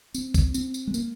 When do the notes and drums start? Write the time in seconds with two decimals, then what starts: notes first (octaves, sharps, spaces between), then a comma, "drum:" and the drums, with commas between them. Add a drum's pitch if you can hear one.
0.14 C4, drum: tambourine
0.34 drum: kick A#1, tambourine
0.54 C4, drum: tambourine
0.74 drum: tambourine
0.87 G#3
0.94 A#3, drum: tambourine